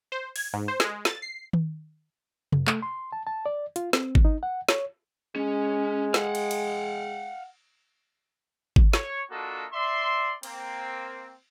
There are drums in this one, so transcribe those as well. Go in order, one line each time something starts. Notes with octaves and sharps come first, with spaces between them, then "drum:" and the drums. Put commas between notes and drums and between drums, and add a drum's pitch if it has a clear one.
C5
G#6, drum: open hi-hat
G#2
C5
G#3, drum: snare
A6, drum: snare
C7
drum: tom D#3
F#2, drum: tom C3
A3, drum: clap
C6
A5
A5
D5
F4, drum: hi-hat
C4, drum: snare
drum: kick G#1
D#4
F#5
C#5, drum: snare
G#3 C#4
F5 F#5, drum: snare
drum: cymbal
drum: cymbal
drum: kick G#1
C#5, drum: snare
A#3 D4 F4 F#4 A4 D#5
D5 E5 C6
A#3 C4, drum: cymbal